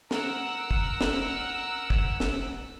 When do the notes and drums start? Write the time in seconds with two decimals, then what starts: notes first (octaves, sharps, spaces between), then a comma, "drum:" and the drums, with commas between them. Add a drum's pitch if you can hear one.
0.11 A#4 F#5 E6, drum: snare
0.71 drum: kick
1.01 drum: snare
1.90 drum: kick
2.20 drum: snare